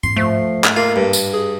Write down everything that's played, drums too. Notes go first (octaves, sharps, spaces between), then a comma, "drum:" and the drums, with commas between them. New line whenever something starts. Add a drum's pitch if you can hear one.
C6, drum: tom G#2
F3 A3
drum: clap
A#3 F4
G2
drum: tambourine
G#4